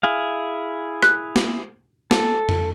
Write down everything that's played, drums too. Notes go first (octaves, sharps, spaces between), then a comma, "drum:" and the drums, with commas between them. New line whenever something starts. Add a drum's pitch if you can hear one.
E4 G#4 F5
F#6, drum: rim click
drum: snare
A4, drum: snare
drum: tom F2